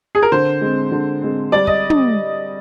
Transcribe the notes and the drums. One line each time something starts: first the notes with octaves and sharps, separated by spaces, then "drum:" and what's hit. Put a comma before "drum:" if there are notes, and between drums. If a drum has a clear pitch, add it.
G#4
A#4
D3 C5
G#3 C4
D3
G#3 C4
G3 D5
D#5, drum: kick
drum: tom